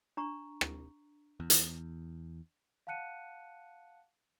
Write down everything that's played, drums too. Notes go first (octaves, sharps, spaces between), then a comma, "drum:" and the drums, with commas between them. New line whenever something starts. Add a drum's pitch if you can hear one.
D4 A#5 C#6
drum: rim click
E2
drum: hi-hat
F5 F#5 A5 F#6 C#7 D#7